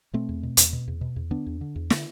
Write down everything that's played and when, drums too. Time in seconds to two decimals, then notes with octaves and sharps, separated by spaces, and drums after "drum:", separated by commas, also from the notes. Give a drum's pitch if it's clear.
0.13 B2 A3 C4
0.29 E2
0.43 B2
0.57 E2, drum: hi-hat
0.73 B2
0.88 E2
1.01 B2
1.16 E2
1.31 D3 B3 D4
1.46 E2
1.61 D3
1.76 E2
1.90 D3, drum: snare